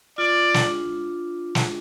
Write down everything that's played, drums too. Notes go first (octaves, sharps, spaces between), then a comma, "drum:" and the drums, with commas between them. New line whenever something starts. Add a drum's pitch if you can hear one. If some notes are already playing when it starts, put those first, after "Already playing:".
F4 D5
D4, drum: snare
drum: snare